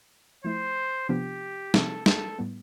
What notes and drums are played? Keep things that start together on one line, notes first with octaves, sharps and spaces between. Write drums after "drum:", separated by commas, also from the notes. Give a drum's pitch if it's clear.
F3 A3 E4 C5
C3 F3 B3 D4 F4 G4
C3 F3 C4 A4, drum: snare
A4, drum: snare
A2 G3 B3